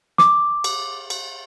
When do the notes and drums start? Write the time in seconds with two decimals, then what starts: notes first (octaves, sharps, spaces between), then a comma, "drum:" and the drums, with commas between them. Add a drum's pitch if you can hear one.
0.18 D6, drum: snare
0.64 drum: cymbal
1.10 drum: cymbal